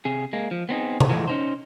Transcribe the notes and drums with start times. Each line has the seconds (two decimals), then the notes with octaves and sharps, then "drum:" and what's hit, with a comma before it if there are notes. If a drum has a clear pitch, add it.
0.05 C3 G#4
0.33 G#3 A#3
0.51 F3
0.69 B3 C4 D#4 G#4
1.00 drum: tom C3
1.10 E3 F3 G#3 A3
1.28 C#4 D#4 C5